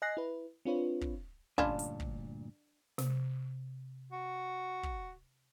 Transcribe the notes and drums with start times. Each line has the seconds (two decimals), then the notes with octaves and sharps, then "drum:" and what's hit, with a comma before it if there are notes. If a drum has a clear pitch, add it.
0.02 D#5 G#5 F#6 A#6 C7
0.17 E4 B4
0.65 C4 D4 F4 B4 C#5
1.01 drum: kick
1.58 D2 G2 A#2 C#4 D4 E4 F4, drum: kick
1.79 drum: hi-hat
2.00 drum: kick
2.98 C3, drum: snare
4.13 F#4
4.83 drum: kick